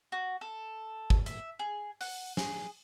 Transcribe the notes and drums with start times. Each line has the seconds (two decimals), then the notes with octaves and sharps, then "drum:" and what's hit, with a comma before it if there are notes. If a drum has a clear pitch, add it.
0.12 F#4
0.41 A4
1.10 drum: kick
1.26 E5, drum: hi-hat
1.59 G#4
2.01 F#5, drum: open hi-hat
2.37 G#4, drum: snare